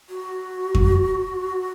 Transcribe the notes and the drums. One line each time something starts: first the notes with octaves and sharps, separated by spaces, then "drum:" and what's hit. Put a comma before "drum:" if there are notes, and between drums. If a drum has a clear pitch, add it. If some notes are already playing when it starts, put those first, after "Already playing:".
F#4
drum: kick F2